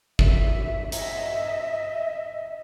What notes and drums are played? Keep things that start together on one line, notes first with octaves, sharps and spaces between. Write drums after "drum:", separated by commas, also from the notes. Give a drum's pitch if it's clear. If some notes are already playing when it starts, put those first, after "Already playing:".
E5, drum: kick G#1
D#5 E5, drum: hi-hat